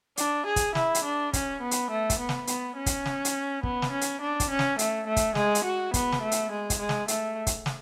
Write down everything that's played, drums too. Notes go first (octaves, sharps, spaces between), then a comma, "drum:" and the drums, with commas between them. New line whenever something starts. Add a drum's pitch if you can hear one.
D4, drum: hi-hat
G#4
drum: kick, hi-hat
E4, drum: snare
drum: hi-hat
D4
C#4, drum: kick, hi-hat
B3
drum: hi-hat
A3
drum: kick, hi-hat
B3
drum: snare
B3, drum: hi-hat
C#4
drum: kick, hi-hat
drum: snare
drum: hi-hat
B3, drum: kick
drum: snare
C#4
drum: hi-hat
D4
drum: kick, hi-hat
C#4
drum: snare
A3, drum: hi-hat
A3
drum: kick, hi-hat
G#3, drum: snare
drum: hi-hat
F#4
B3, drum: kick, hi-hat
drum: snare
A3
drum: hi-hat
G#3
drum: kick, hi-hat
G#3
drum: snare
A3, drum: hi-hat
drum: kick, hi-hat
drum: snare